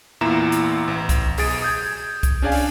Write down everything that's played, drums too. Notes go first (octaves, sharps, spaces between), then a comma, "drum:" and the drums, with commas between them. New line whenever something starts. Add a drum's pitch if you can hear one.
E2 A#2 E4 F4 A#5 E7
drum: hi-hat
A1
drum: kick C2, hi-hat
B1 G#4 D#6 A6 D7, drum: open hi-hat
D#6 G6 G#6
drum: kick C2, hi-hat
C#4 D4 G#4 D5 F5 G#5
drum: open hi-hat